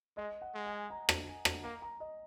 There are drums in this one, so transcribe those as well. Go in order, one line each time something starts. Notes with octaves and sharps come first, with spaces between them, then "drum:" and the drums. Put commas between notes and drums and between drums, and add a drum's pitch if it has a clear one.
G#3 D#5
F#5
G#3
G#5
A#5
drum: rim click
G#5
drum: rim click
A#3 A#5
A#5
D#5